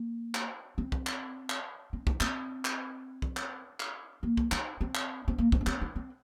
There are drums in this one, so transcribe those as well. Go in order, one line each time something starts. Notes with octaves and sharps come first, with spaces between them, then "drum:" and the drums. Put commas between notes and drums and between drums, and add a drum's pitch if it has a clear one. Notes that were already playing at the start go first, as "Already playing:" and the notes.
Already playing: A#3
drum: clap
C4
drum: kick
drum: clap
drum: clap
C4
D#4, drum: kick
C4, drum: clap
drum: clap
drum: kick
drum: clap
drum: clap
A#3
drum: kick
D#4, drum: clap
C4
drum: clap
C4
A#3
C4, drum: kick
A#3
C4, drum: clap
D#4
C4